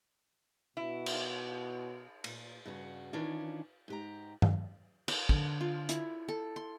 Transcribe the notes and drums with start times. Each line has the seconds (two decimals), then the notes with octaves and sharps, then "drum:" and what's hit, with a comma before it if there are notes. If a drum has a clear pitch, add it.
0.77 B2 E4
1.06 drum: cymbal
2.24 A#2, drum: cymbal
2.66 G2 C#3 F#4
3.13 D#3 E3 C#4 D4 F4
3.88 G#2 G4 A#5
4.42 drum: tom G2
5.08 B4, drum: cymbal
5.29 D3, drum: kick
5.61 F4
5.89 E4, drum: hi-hat
6.28 A4
6.56 C6